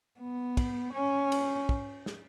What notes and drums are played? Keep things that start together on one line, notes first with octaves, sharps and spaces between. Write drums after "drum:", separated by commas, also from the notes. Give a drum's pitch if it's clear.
B3
drum: kick, cymbal
C#4
drum: cymbal
drum: kick
drum: snare